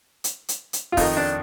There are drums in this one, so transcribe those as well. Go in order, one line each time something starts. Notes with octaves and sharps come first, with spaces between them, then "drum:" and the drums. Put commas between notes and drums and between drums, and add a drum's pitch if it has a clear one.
drum: hi-hat
drum: hi-hat
drum: hi-hat
F4
F2 D#3 D#4, drum: kick C#1, open hi-hat
D4